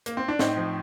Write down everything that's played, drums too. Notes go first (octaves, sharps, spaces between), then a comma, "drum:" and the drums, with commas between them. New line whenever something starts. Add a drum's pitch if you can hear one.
A#3, drum: hi-hat
C4
D4
A2 C4 D#4, drum: snare
F3